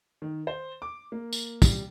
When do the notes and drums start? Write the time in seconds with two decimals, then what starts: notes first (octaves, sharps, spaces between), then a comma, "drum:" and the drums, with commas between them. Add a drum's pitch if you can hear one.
0.22 D#3
0.47 C5
0.82 D6
1.12 A#3
1.33 drum: tambourine
1.62 G3, drum: kick, tambourine